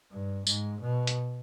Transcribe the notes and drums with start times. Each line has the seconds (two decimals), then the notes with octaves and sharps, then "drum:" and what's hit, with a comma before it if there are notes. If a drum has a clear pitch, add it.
0.12 G2
0.47 G#2, drum: tambourine
0.82 B2
1.07 drum: hi-hat